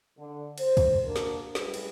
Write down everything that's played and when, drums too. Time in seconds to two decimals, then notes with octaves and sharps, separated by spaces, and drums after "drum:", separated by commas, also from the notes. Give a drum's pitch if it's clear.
0.17 D3
0.58 C5, drum: cymbal
0.77 drum: kick, cymbal
1.05 A#3 D4 F#4 A#4
1.16 drum: snare
1.55 F#2 A2 G3 G#4 B4, drum: snare
1.74 drum: cymbal